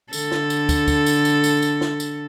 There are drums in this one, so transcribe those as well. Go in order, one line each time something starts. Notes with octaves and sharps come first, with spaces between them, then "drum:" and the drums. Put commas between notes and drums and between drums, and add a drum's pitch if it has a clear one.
D3 A4, drum: tambourine
drum: snare
drum: tambourine
drum: kick, tambourine
drum: kick, tambourine
drum: tambourine
drum: tambourine
drum: tambourine
drum: tambourine
drum: snare
drum: tambourine